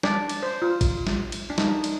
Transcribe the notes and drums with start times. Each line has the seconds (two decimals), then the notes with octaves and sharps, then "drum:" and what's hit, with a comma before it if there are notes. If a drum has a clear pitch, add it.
0.03 D4 D5, drum: snare
0.29 drum: cymbal
0.43 C5
0.62 F4
0.81 drum: kick A1, cymbal
1.07 drum: snare
1.32 drum: cymbal
1.50 D4
1.58 D#4, drum: snare
1.84 drum: cymbal